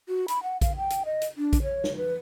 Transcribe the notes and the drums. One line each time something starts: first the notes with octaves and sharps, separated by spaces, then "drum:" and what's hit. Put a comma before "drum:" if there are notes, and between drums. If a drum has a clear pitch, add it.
F#4
B5, drum: hi-hat
F#5
F5, drum: kick A#1, hi-hat
G5
drum: hi-hat
D#5
drum: hi-hat
D4
drum: kick A#1, hi-hat
C#5
drum: snare
B4